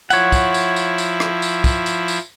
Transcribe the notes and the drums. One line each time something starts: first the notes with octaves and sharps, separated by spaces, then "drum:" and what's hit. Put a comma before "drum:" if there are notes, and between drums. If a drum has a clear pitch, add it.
F3 E4 C#5 F#5, drum: tambourine
drum: kick, tambourine
drum: tambourine
drum: tambourine
drum: tambourine
drum: rim click
drum: tambourine
drum: kick, tambourine
drum: tambourine
drum: tambourine